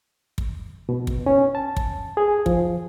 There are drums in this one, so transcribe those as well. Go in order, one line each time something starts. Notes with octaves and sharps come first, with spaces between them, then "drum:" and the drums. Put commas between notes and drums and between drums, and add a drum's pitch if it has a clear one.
drum: kick
B2
drum: kick
C#4
A5
drum: kick
G#4
F3, drum: kick